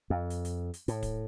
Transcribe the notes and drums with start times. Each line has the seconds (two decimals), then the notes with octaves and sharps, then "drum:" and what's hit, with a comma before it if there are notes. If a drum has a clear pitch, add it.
0.10 F2
0.30 drum: hi-hat
0.45 drum: hi-hat
0.74 drum: hi-hat
0.88 A2, drum: hi-hat
1.03 drum: kick, hi-hat